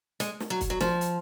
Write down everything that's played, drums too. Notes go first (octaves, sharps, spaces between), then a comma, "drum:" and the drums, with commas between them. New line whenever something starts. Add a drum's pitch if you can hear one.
G#3, drum: hi-hat
drum: snare
F#3
drum: kick, hi-hat
F#3
F3, drum: snare
drum: hi-hat